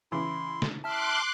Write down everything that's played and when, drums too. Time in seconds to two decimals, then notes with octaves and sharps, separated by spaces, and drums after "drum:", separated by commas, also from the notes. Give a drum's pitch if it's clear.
0.12 C#3 E3 E4 C6
0.62 drum: snare
0.84 E5 A5 C6 D6 F6 F#6